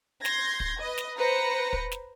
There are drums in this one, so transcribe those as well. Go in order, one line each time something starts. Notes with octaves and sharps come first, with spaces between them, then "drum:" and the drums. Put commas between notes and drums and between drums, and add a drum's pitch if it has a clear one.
C6 G6 G#6 A#6, drum: snare
drum: kick
B4 D#5
drum: snare
B4 C5 A#5 A#6 C#7
drum: kick
drum: snare